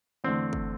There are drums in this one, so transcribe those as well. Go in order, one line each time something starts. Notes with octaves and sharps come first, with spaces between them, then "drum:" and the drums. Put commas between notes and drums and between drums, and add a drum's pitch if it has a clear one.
E2 D3 A3 C4
drum: kick